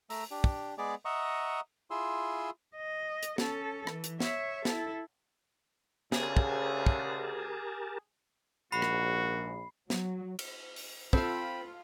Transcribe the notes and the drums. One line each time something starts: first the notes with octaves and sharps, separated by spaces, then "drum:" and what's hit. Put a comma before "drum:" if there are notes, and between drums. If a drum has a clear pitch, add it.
A3 A#5 E6, drum: open hi-hat
D4 G4
drum: kick
G#3 B3 G#4 D5 D6
D#5 E5 F#5 A#5 C#6 D#6
E4 F4 G#4 C6 E6
D#5
drum: hi-hat
C#4 A4, drum: snare
E3, drum: rim click
drum: hi-hat
C#5 E5, drum: snare
E4 A4, drum: snare
D2 C#3 G4 G#4 A#4 A5, drum: snare
drum: kick
drum: kick
A#1 G#2 F#4 B5 C7
drum: rim click
F#3, drum: snare
drum: cymbal
drum: open hi-hat
C4 F4 A4 F5 B5, drum: kick